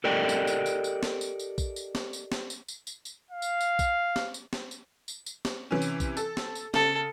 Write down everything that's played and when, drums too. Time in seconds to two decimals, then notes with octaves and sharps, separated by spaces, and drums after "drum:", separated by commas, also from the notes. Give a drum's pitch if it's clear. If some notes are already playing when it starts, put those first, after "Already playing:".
0.04 G4 A4 A#4 D5 D#5 G5
0.29 drum: tambourine
0.47 drum: tambourine
0.66 drum: tambourine
0.84 drum: tambourine
1.03 drum: snare
1.21 drum: tambourine
1.39 drum: tambourine
1.58 drum: kick A#1, tambourine
1.76 drum: tambourine
1.95 drum: snare
2.13 drum: tambourine
2.32 drum: snare
2.50 drum: tambourine
2.68 drum: tambourine
2.87 drum: tambourine
3.05 drum: tambourine
3.31 F5
3.42 drum: tambourine
3.61 drum: tambourine
3.79 drum: kick A#1, tambourine
4.16 drum: snare
4.34 drum: tambourine
4.53 drum: snare
4.71 drum: tambourine
5.08 drum: tambourine
5.26 drum: tambourine
5.45 drum: snare
5.71 C3 E3 C#4
5.82 drum: tambourine
6.00 drum: kick A#1, tambourine
6.17 A4, drum: tambourine
6.37 drum: snare
6.55 drum: tambourine
6.74 C#3 A4, drum: snare